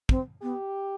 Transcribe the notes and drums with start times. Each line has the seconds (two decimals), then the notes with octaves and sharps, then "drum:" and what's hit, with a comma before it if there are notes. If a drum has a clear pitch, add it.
0.09 C4, drum: kick
0.42 B3 G4